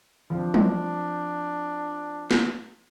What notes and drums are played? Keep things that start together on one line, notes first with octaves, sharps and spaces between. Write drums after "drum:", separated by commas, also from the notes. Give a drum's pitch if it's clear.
F3 C4 D4 F5
drum: tom
drum: snare